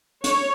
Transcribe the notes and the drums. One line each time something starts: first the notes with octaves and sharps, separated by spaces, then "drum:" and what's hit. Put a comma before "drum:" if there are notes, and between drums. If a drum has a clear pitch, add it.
C#5, drum: hi-hat